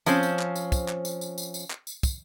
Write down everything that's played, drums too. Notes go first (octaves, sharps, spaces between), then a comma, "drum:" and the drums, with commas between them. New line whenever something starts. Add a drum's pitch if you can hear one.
F3 C4 C#4 C5, drum: tambourine
drum: tambourine
drum: clap
drum: tambourine
drum: kick, tambourine
drum: clap
drum: tambourine
drum: tambourine
drum: tambourine
drum: tambourine
drum: clap
drum: tambourine
drum: kick, tambourine